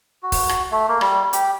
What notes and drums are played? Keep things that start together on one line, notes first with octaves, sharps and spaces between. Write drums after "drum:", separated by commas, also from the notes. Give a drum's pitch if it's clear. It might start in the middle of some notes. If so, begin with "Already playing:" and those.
F#4
drum: kick F1, open hi-hat
drum: rim click
A3
A#3
G3, drum: rim click
G4, drum: hi-hat